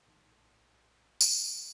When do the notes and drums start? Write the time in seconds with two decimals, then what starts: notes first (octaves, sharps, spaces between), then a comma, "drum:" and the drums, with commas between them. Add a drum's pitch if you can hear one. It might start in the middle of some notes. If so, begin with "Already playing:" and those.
0.06 A#1 A2 D#3 A5 C6 G#6
1.21 drum: tambourine